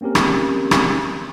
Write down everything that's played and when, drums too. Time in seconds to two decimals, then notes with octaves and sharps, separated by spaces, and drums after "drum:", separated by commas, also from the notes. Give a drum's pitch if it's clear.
0.01 A#3 C4 C#4 G4 A#4
0.15 drum: rim click
0.71 drum: rim click